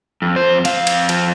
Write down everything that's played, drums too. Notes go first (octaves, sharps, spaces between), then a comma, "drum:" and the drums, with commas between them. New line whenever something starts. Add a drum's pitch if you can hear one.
F2
C5
F2 F5, drum: cymbal
drum: cymbal
F3, drum: cymbal